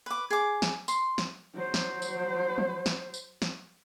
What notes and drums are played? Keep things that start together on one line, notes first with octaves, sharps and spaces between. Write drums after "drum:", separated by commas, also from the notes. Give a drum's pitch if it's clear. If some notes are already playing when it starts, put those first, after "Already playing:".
B4 D6
G#4 D6
drum: snare
C6, drum: tambourine
drum: snare
F#3 C5
drum: snare
drum: tambourine
drum: tom
drum: snare
drum: tambourine
drum: snare